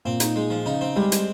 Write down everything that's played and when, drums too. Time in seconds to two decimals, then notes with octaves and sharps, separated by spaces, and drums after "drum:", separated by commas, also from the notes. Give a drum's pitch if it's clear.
0.05 A#2 C4
0.20 D#4, drum: hi-hat
0.36 G#3
0.50 F3
0.66 C#3 D#4
0.81 C4
0.96 G3 G#3
1.12 C4, drum: hi-hat